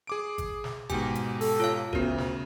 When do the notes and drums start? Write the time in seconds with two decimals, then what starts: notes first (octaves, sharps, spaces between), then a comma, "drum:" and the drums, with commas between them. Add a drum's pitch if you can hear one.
0.07 G#4 D6 D7
0.38 drum: kick G#1, hi-hat
0.64 drum: snare
0.90 G#2 B2 G4 G#5, drum: kick G#1, hi-hat
1.15 drum: hi-hat
1.41 A4, drum: open hi-hat
1.60 F4 C#5 F5
1.93 D2 C#3 B3 F#4 A#4, drum: kick G#1
2.18 drum: snare